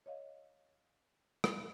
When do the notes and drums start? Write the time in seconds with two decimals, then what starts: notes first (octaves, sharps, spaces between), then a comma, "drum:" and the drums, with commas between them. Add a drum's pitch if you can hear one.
0.06 C#5 D#5 F5
1.44 drum: rim click